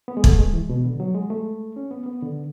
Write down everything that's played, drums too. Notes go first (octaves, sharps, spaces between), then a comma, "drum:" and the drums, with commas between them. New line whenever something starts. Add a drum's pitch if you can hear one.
B3
G#3
A3, drum: kick
G#3
E3
B2
D3
F#3
G#3
A3
C#4
B3
B3
D3